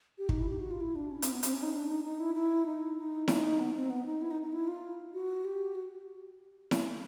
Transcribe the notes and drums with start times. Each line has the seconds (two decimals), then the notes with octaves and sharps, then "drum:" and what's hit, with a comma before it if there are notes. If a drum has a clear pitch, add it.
0.18 G4
0.29 D#4, drum: kick
0.40 E4
0.49 G4
0.60 F#4
0.71 F4
0.80 E4
0.96 D4
1.11 C#4
1.22 C4, drum: hi-hat
1.32 B3
1.43 C4, drum: hi-hat
1.53 C#4
1.63 D#4
1.74 D4
1.89 D#4
2.04 D#4
2.20 E4
2.35 E4
2.66 D#4
2.98 D#4
3.28 D#4, drum: snare E4
3.60 B3
3.74 C4
3.90 B3
4.06 D#4
4.21 E4
4.31 D#4
4.42 D#4
4.52 E4
4.67 F4
5.14 F#4
5.45 G4
5.75 F#4
6.71 drum: snare E4